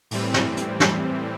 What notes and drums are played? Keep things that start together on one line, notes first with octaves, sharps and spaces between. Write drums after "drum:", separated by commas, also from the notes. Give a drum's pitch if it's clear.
A2 E3 G3 C4, drum: open hi-hat
drum: snare
drum: hi-hat
drum: snare